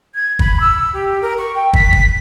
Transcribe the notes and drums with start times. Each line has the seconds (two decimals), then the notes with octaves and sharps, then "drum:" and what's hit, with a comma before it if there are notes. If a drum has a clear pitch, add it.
0.14 G#6
0.39 B5, drum: kick
0.60 E6
0.93 G4
1.21 A#4
1.38 C#6
1.55 G5
1.73 B6, drum: kick
1.93 drum: kick